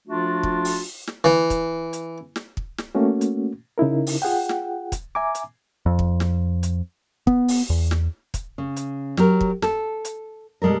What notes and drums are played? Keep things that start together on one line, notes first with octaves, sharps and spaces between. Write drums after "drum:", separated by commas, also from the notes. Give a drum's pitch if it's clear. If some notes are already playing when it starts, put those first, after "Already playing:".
F3 A3 D4 F4 F#4
drum: kick
drum: open hi-hat
drum: snare
E3
drum: kick, hi-hat
drum: hi-hat
drum: snare
drum: kick
drum: snare
A3 A#3 C#4 F#4
drum: hi-hat
C#3 D#4 E4 A#4
drum: open hi-hat
F4 G#4 F#5 G5
drum: snare
drum: kick, hi-hat
E5 G#5 A#5 D6
drum: hi-hat
F2
drum: kick
drum: snare
drum: hi-hat
B3, drum: kick
drum: open hi-hat
E2
drum: snare
drum: kick, hi-hat
C#3
drum: hi-hat
F#3 G4 A#4, drum: snare
drum: kick
A4, drum: snare
drum: hi-hat
B2 G3 G#3 A4 A#4